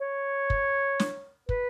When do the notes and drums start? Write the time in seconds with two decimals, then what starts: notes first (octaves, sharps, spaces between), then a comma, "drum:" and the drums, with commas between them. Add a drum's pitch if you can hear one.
0.01 C#5
0.50 drum: kick
1.00 drum: snare
1.49 B4, drum: kick